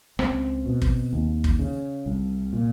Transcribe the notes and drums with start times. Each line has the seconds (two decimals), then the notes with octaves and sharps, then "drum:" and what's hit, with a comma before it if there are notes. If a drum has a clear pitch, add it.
0.19 C#2 C4, drum: rim click
0.66 B2
0.82 drum: kick
1.13 D#2
1.44 drum: kick
1.59 C#3
2.06 C2
2.53 A#2